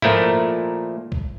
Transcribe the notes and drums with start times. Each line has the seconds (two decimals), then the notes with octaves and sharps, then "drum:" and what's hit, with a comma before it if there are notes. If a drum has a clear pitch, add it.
0.02 A#2 F3 A3 A#3 E4, drum: tom G#2
1.12 drum: kick B1